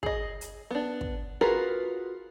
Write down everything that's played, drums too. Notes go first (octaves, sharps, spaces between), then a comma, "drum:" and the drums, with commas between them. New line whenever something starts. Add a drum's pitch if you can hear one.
G#4 D#5, drum: kick
drum: hi-hat
B3 D4
drum: kick
F4 F#4 G#4 A#4 B4